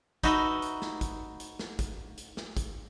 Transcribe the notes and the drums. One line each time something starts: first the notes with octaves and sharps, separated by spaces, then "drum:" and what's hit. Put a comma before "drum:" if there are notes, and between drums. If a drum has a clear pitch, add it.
D#4 F#4 B4 D#5 E5, drum: kick G#1, hi-hat
drum: hi-hat
drum: snare
drum: kick G#1, hi-hat
drum: hi-hat
drum: snare
drum: kick G#1, hi-hat
drum: hi-hat
drum: snare
drum: kick G#1, hi-hat